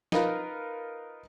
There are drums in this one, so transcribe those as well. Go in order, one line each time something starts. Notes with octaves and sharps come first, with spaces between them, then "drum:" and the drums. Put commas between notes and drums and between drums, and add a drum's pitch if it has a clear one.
D#4 F4 A#4 B4, drum: snare